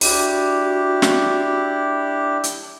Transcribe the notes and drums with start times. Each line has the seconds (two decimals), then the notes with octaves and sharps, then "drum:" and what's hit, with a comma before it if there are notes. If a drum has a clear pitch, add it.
0.01 D4 E4 F#4 G4, drum: open hi-hat
1.02 drum: snare
2.44 drum: hi-hat